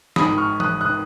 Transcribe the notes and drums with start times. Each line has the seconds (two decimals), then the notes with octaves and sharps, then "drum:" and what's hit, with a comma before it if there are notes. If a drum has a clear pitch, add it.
0.16 G#1 G#2 D#3 B5 D#6, drum: snare
0.38 C#6 F6
0.60 D#6 F#6, drum: tom E3
0.81 D#3 D#6 F#6